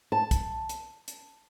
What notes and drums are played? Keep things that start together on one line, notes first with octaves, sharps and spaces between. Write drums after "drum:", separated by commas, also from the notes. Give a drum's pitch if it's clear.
A5
drum: kick, hi-hat
drum: hi-hat
drum: hi-hat